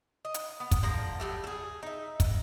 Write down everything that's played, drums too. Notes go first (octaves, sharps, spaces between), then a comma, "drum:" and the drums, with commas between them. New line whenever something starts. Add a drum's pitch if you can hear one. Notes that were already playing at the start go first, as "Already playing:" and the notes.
D#5
drum: hi-hat
B3
drum: kick, hi-hat
D3 F3 A#5
F#3 G3 A3
G#4 A4
D#4 E5
drum: kick, hi-hat